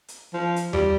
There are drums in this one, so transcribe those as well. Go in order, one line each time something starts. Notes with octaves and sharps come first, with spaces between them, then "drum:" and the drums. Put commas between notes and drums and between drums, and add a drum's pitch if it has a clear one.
drum: hi-hat
F3
drum: hi-hat
G3, drum: tom E2